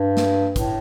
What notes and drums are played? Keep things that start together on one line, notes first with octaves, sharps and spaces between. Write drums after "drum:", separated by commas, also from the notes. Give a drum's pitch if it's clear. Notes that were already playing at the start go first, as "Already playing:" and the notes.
Already playing: G2
drum: snare
A2, drum: kick, hi-hat